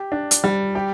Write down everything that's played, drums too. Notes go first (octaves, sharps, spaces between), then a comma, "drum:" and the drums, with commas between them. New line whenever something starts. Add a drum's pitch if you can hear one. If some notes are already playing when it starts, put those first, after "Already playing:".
Already playing: G4
D4
drum: hi-hat
G3
G4